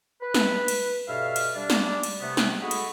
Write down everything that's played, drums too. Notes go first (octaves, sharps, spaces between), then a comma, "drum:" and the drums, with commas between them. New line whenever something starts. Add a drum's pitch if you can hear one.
B4
drum: snare
drum: cymbal
G2 B2 A4 E5 F5
drum: cymbal
G3 D4
drum: snare
drum: cymbal
C3 A3 B3
drum: snare
F#4 G#4 A4 C#5 D#5 B5
drum: cymbal